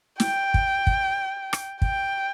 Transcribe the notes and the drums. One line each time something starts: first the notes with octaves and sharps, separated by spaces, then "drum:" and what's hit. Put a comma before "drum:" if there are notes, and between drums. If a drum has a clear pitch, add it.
G5, drum: snare
drum: kick
drum: kick
drum: rim click
G5, drum: kick